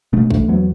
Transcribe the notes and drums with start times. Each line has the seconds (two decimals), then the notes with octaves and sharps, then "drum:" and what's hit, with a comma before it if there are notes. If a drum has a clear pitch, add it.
0.13 B2 A3 D4
0.31 E2 A3 D4, drum: kick A#1
0.48 E2 F#3 B3